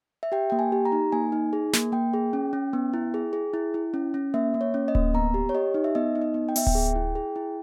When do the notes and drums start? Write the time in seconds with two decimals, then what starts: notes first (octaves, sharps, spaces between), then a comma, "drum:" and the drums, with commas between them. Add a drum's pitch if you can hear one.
0.23 E5
0.32 G4 G5
0.50 A#3 G5
0.59 G#5
0.72 G4
0.85 A#5
0.92 D#4
1.12 A#3 G#5
1.32 D#4
1.53 G#4
1.73 A#3, drum: snare
1.92 A#3 G5
2.13 G#4
2.33 C#4
2.53 C#4
2.73 B3
2.94 E4
3.14 G#4
3.33 G#4
3.54 E4
3.74 E4
3.94 C#4
4.14 C#4
4.34 A#3 E5
4.54 A#3
4.61 C#5
4.74 C#4
4.88 D#5
4.95 A#3, drum: kick D1
5.14 B3 A#5
5.34 G4
5.49 C#5
5.55 G4 D#5
5.74 D#4
5.84 E5
5.95 B3 D#5
6.15 D#4
6.21 D#5
6.34 B3
6.49 G5
6.56 B3 E5, drum: open hi-hat
6.67 G5, drum: kick D1
6.75 G#4
6.96 E4
7.15 G#4
7.36 E4